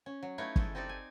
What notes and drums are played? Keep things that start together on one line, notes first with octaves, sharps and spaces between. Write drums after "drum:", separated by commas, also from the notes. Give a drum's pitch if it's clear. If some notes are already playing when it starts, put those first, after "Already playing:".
C#4
F#3
A3 D#4 E4 B4 C#5 F5
E3 G#3 A4, drum: kick
C4 D#4 G4 A4 D5
G#5